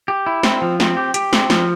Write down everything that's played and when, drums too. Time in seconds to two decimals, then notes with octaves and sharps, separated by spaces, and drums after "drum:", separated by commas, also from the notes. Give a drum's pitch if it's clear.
0.08 G4
0.26 E4
0.43 C4, drum: snare
0.62 F3
0.80 C4, drum: snare
0.97 G4
1.14 G4, drum: hi-hat
1.33 C4, drum: snare
1.50 F3, drum: snare